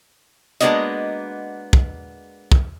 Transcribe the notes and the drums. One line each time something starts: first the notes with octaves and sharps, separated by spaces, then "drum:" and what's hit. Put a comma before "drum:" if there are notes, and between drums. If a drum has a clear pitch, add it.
G#3 A#3 B3 D4 F#4 D#5, drum: hi-hat
drum: kick
drum: kick